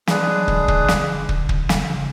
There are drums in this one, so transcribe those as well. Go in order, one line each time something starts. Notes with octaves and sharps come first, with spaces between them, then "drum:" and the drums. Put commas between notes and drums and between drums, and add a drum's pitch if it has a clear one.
E3 G#3 D4 G#4 B4, drum: snare
F#3
D3, drum: kick
drum: kick
drum: snare
drum: kick
drum: kick
drum: snare
C#3